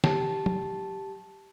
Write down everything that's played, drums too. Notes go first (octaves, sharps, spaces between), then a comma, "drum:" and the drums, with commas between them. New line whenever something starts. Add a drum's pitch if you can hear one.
G4 A5, drum: snare
drum: tom